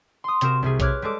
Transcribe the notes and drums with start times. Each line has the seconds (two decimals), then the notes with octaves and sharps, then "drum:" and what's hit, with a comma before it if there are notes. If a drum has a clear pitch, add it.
0.24 C6 D#6
0.41 C3 C4 F#4 A#4 E7, drum: hi-hat
0.63 C2 C3 G#4
0.80 B4 C#5 D6 F6 F#6 G#6, drum: kick A#1, hi-hat
1.02 G3 G#3 A4 D6